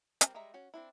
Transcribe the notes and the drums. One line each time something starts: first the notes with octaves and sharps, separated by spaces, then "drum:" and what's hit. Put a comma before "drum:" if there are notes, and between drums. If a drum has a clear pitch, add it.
G3 C4 A#4, drum: hi-hat
G3 G#3 G#4 E5 A#5
C#4 F#4
C4 D4 E4